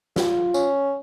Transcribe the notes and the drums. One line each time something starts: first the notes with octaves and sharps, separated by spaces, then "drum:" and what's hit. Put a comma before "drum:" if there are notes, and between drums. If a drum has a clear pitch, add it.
F4, drum: snare
C#4, drum: tambourine